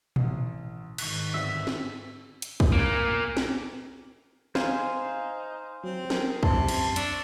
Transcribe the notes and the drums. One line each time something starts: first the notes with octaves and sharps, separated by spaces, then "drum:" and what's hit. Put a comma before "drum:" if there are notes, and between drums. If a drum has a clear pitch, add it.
A1, drum: tom A#2
G#2 D#3 C#6 F#6, drum: cymbal
G#1 D2 G2 E5
drum: snare
drum: hi-hat
drum: kick
A#2 A#3
drum: snare
D#4 C5 F5 G#5, drum: snare
F#3 C4
G#4 A#4, drum: snare
F#2 C3 A5 C6, drum: kick
drum: cymbal
D4 C#6 E6, drum: hi-hat